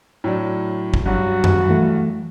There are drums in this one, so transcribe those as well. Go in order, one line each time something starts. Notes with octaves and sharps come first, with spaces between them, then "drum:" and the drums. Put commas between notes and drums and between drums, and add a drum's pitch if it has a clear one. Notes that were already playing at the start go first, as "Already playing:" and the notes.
A2 F#3 D4
drum: kick
G2 F#3 F#4
drum: tom F#2
E3 A3